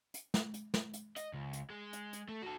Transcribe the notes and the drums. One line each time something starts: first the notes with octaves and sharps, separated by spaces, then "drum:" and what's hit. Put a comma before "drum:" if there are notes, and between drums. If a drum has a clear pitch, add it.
drum: hi-hat
drum: snare
drum: hi-hat
drum: snare
drum: hi-hat
D#5, drum: hi-hat
C#2
drum: hi-hat
G#3
drum: hi-hat
drum: hi-hat
A3
F#4 A4